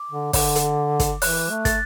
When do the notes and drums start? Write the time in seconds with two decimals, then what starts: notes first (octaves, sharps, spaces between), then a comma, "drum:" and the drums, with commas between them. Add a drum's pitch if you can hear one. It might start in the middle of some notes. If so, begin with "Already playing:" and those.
Already playing: D6
0.11 D3
0.33 D3, drum: kick, open hi-hat
0.55 drum: hi-hat
1.00 drum: kick, hi-hat
1.22 E3 F#6, drum: open hi-hat
1.50 A3
1.65 A6, drum: kick, hi-hat